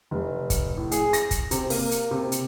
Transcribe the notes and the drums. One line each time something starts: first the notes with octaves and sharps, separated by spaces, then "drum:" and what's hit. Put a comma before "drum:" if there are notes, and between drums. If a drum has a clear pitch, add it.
F1
drum: kick, hi-hat
A2
G#4, drum: hi-hat
A#6, drum: hi-hat
drum: kick, hi-hat
C3, drum: hi-hat
A#3, drum: open hi-hat
drum: hi-hat
C3
drum: hi-hat